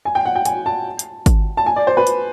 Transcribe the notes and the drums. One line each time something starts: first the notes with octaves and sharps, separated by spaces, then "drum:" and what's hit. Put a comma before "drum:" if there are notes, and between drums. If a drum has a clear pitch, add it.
G#5
G5
F#5
G5
G#5, drum: hi-hat
A5
drum: hi-hat
drum: kick, hi-hat
A5
G#5
D5
C5
B4
drum: hi-hat